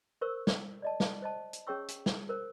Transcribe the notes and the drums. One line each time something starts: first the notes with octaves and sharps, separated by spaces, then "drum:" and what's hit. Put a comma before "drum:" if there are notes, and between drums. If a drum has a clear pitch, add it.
A#4 C5 C#6 E6
drum: snare
D5 D#5 A5
drum: snare
C5 D#5 A5
drum: hi-hat
C#4 G#4 C#5 G5 C#6 E6
drum: hi-hat
drum: snare
A#4 C5